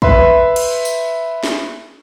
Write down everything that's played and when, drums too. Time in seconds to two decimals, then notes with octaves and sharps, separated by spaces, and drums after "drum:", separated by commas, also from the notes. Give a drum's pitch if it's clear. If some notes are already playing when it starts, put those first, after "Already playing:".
0.02 B4 E5 B5 C6, drum: kick
0.56 drum: cymbal
0.85 drum: tambourine
1.43 drum: snare